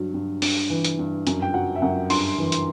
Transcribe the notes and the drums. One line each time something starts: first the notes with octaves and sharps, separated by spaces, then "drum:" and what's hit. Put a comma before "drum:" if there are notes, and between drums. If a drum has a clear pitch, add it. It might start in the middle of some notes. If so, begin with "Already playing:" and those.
Already playing: G2 F#3
G2
G2, drum: open hi-hat
E3
drum: hi-hat
G2
F#2, drum: hi-hat
G5
F#3 F#5
E5
F#2 F#5
G2 C6, drum: open hi-hat
E3
drum: hi-hat